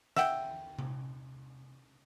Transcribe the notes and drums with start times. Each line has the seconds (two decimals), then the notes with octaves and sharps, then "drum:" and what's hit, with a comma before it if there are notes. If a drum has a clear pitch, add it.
0.16 E5 F#5 G5, drum: snare
0.79 drum: tom C3